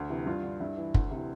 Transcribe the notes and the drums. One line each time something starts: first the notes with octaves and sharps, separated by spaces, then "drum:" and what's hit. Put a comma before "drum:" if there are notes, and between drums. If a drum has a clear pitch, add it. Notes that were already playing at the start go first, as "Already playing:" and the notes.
Already playing: D2
C3 E3
G2 F4
D3
G2 E4
E3
D2, drum: kick
C3
E3